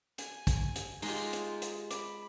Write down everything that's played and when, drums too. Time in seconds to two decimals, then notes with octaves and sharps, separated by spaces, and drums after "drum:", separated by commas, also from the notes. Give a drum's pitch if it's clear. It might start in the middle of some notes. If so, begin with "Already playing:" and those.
0.18 G#5, drum: hi-hat
0.47 drum: kick, hi-hat
0.76 drum: hi-hat
1.02 G#3 D#4 F4 G4 G#4, drum: open hi-hat
1.33 drum: hi-hat
1.62 drum: hi-hat
1.91 B5 D6, drum: hi-hat